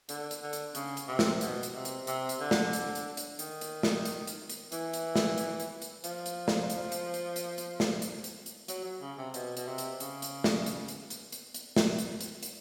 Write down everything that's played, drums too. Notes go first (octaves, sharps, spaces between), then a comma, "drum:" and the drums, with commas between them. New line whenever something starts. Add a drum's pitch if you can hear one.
D3, drum: hi-hat
drum: hi-hat
D3
drum: hi-hat
C#3, drum: hi-hat
drum: hi-hat
C3
drum: snare
B2, drum: hi-hat
drum: hi-hat
C3
drum: hi-hat
C3, drum: hi-hat
drum: hi-hat
D3
drum: snare
drum: hi-hat
drum: hi-hat
drum: hi-hat
D#3, drum: hi-hat
drum: hi-hat
drum: snare
drum: hi-hat
drum: hi-hat
drum: hi-hat
E3, drum: hi-hat
drum: hi-hat
drum: snare
drum: hi-hat
drum: hi-hat
drum: hi-hat
F3, drum: hi-hat
drum: hi-hat
drum: snare
drum: hi-hat
drum: hi-hat
drum: hi-hat
drum: hi-hat
drum: hi-hat
drum: snare
drum: hi-hat
drum: hi-hat
drum: hi-hat
F#3, drum: hi-hat
F#3
C#3
C3
B2, drum: hi-hat
B2, drum: hi-hat
C3
drum: hi-hat
C#3, drum: hi-hat
drum: hi-hat
drum: snare
drum: hi-hat
drum: hi-hat
drum: hi-hat
drum: hi-hat
drum: hi-hat
drum: snare
drum: hi-hat
drum: hi-hat
drum: hi-hat